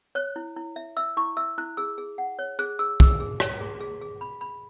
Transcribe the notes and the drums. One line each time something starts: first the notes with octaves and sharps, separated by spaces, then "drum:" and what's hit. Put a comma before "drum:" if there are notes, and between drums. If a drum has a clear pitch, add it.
C#5 F#6
E4
E4
E5
E5 E6
E4 C#6
E5 E6
E4 F#6
G#4 E6
G#4
F#5
C#5
G#4 F#6
G#4 E6
G#4 E6, drum: kick
G#4
C#5, drum: rim click
G#4
G#4
G#4
B5
B5